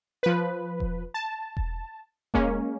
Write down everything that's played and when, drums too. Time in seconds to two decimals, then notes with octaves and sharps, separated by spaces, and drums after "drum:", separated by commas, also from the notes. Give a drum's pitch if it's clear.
0.23 F3 B4
0.80 drum: kick E1
1.14 A5
1.57 drum: kick E1
2.34 G#3 A#3 C#4, drum: kick E1